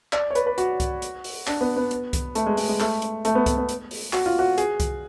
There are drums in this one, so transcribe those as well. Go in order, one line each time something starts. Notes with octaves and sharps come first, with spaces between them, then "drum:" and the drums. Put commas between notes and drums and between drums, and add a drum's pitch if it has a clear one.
D5, drum: clap
C#5
B4, drum: hi-hat
B4
F#4, drum: hi-hat
drum: kick C2, hi-hat
drum: hi-hat
drum: open hi-hat
D4, drum: clap
B3
B3
drum: hi-hat
drum: kick C2, hi-hat
A3, drum: hi-hat
G#3
G#3, drum: open hi-hat
G#3
A3, drum: clap
drum: hi-hat
A3, drum: hi-hat
B3
A3, drum: kick C2, hi-hat
B3
drum: hi-hat
drum: open hi-hat
F#4, drum: clap
F4
F#4
G#4, drum: hi-hat
drum: kick C2, hi-hat